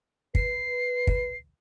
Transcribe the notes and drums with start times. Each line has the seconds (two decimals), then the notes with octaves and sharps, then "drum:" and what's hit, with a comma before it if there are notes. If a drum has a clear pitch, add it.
0.35 B4 C7, drum: kick
1.07 drum: kick